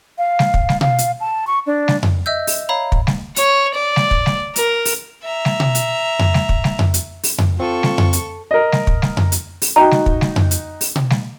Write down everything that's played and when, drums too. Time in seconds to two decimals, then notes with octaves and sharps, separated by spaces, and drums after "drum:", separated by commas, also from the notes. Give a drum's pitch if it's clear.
0.18 F5
0.39 drum: snare
0.54 drum: kick
0.69 drum: snare
0.81 F5, drum: tom B2
0.98 drum: hi-hat
1.20 A5
1.47 C#6
1.67 D4
1.88 drum: snare
2.03 drum: tom F2
2.26 D#5 E5 E6 G6
2.47 drum: open hi-hat
2.69 C#5 F5 A#5 B5
2.92 drum: kick
3.07 drum: snare
3.36 C#5, drum: hi-hat
3.75 D5
3.96 drum: snare
4.11 drum: kick
4.26 drum: snare
4.56 A#4, drum: hi-hat
4.85 drum: open hi-hat
5.23 E5 A#5
5.45 drum: snare
5.60 drum: tom B2
5.75 drum: hi-hat
6.19 drum: tom F2
6.34 drum: snare
6.49 drum: kick
6.64 drum: snare
6.79 drum: tom F2
6.94 drum: hi-hat
7.24 drum: open hi-hat
7.38 drum: tom F2
7.60 C4 F4 A4 C#6
7.83 drum: snare
7.98 drum: tom F2
8.13 drum: hi-hat
8.51 A#4 D#5
8.72 drum: snare
8.87 drum: kick
9.02 drum: snare
9.17 drum: tom F2
9.32 drum: hi-hat
9.62 drum: open hi-hat
9.76 D#4 F#4 G5 A#5
9.91 drum: snare
10.06 drum: kick
10.21 drum: snare
10.36 drum: tom F2
10.51 drum: hi-hat
10.81 drum: open hi-hat
10.96 drum: tom B2
11.10 drum: snare